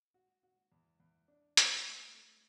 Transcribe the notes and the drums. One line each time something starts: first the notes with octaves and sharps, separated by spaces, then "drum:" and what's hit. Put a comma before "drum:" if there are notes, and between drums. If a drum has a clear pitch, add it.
F#4
F#4
E2
E2
D4
D4, drum: hi-hat
A3
A3